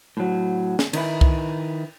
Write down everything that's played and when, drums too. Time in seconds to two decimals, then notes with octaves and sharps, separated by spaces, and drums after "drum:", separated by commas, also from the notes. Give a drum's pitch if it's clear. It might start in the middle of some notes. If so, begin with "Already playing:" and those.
0.17 A2 F#3
0.79 drum: snare
0.93 D#3 D#4 E4 B4, drum: cymbal
1.21 drum: kick C2